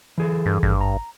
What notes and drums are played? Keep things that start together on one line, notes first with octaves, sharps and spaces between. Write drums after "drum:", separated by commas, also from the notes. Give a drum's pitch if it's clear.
E3 G#4 A4
G2
G2, drum: kick G#1
A#5